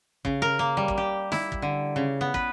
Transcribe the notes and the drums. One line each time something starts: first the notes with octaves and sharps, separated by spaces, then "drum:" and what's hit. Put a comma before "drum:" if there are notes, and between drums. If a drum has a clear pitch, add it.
C#3, drum: kick
A#4
A#3
G3
drum: kick
G4
E4, drum: snare
drum: kick
D3
C#3
B3
B4, drum: kick